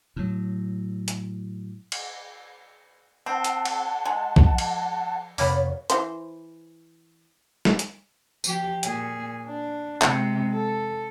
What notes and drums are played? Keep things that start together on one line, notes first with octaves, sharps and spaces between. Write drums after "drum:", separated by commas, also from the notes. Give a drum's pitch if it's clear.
A2 F#3
drum: hi-hat
drum: cymbal
C4 F#5 A5
drum: hi-hat
drum: cymbal
G#3
F3, drum: kick
drum: cymbal
F2 C3 A#3 B3 C#5, drum: open hi-hat
E3 C5, drum: hi-hat
drum: snare
drum: hi-hat
F3 G4, drum: tambourine
A#2 G#4, drum: hi-hat
D4
C3 G#3, drum: clap
A4